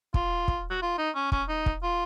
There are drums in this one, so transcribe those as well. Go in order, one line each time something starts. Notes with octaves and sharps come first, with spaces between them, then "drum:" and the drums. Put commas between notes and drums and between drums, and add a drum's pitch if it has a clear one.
F4, drum: kick
drum: kick
F#4
F4
D#4
C#4
C#4, drum: kick
D#4
drum: kick
F4